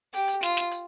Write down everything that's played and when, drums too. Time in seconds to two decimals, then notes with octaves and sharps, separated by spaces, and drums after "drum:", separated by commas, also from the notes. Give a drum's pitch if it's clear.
0.14 G4, drum: hi-hat
0.28 drum: hi-hat
0.43 F4, drum: snare
0.57 drum: snare
0.71 drum: hi-hat